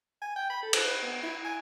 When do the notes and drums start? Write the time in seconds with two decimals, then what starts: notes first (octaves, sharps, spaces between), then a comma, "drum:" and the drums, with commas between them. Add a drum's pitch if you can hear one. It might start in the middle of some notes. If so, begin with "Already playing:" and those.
0.22 G#5
0.36 G5
0.50 B5
0.63 A4
0.73 drum: cymbal
0.85 B4
1.03 B3
1.23 E4
1.45 G#5